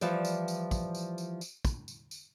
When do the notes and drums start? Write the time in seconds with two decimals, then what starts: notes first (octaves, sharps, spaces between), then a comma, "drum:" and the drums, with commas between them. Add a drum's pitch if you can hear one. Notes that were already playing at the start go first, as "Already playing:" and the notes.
0.01 E3 F3 G3 D5, drum: tambourine
0.25 drum: tambourine
0.48 drum: tambourine
0.71 drum: kick, tambourine
0.95 drum: tambourine
1.18 drum: tambourine
1.41 drum: tambourine
1.65 drum: kick, tambourine
1.88 drum: tambourine
2.11 drum: tambourine